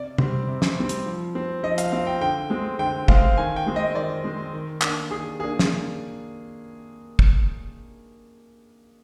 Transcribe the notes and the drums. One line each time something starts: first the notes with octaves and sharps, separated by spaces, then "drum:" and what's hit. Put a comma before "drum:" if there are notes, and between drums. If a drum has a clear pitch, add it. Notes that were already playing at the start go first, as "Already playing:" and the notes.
Already playing: C3 D5
G3 C4, drum: tom
C3
drum: snare
G3 C4
drum: hi-hat
F3
C4
F3 D#5
F5, drum: hi-hat
C4 F5
G5
D3 G5
G#3 C4
D3 G5
G#3 C4 F5, drum: kick
D#3 G#5
G5
G#3 C4
D#5
D#3 D5
G#3 C4
D#3
A#3 D4, drum: clap
D#3 G#4
A#3 D4 G#4
drum: snare
drum: kick